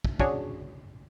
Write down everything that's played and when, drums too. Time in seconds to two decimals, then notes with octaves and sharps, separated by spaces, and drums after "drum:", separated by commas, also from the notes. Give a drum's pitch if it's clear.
0.05 drum: kick
0.20 C#4 D4 F#4 G#4 C#5, drum: kick